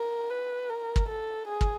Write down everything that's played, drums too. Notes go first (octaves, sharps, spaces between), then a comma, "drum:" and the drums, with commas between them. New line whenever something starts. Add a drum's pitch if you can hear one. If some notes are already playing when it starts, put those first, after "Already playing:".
Already playing: A#4
B4
A#4
drum: kick
A4
G#4
drum: kick